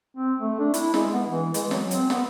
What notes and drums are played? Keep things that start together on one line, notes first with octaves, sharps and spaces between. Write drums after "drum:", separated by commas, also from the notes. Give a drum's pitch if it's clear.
C4
A3
D4
E4, drum: hi-hat
G#3, drum: snare
B3
E3
G#3, drum: hi-hat
F#3, drum: snare
C4, drum: hi-hat
B3, drum: snare